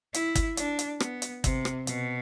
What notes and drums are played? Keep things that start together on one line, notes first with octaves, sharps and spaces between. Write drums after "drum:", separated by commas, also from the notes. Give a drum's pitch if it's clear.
E4, drum: hi-hat
drum: kick G1, hi-hat
D4, drum: hi-hat
drum: hi-hat
B3, drum: rim click
drum: hi-hat
C3, drum: kick G1, hi-hat
drum: rim click
B2, drum: hi-hat